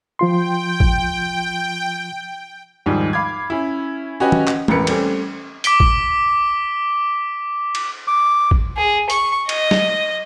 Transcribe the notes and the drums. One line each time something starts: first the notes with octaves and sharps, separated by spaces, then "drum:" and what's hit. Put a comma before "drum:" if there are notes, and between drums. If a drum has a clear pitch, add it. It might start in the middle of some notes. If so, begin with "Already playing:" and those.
F3 F4 G5 C6
drum: kick A1
D#2 G#2 F3 G3
F5 B5 D6 G#6
C#4 E4
C#4 F#4 G4 B4 D#5 G#5
drum: tom
drum: clap
E1 A1 A#4 B4 C#7, drum: tom
G3 A3 C4 C#4, drum: cymbal
D6 B6 D7 G7, drum: hi-hat
drum: kick A1
drum: cymbal
D6
drum: kick A1
G#4
C#6, drum: hi-hat
D#5, drum: cymbal
drum: snare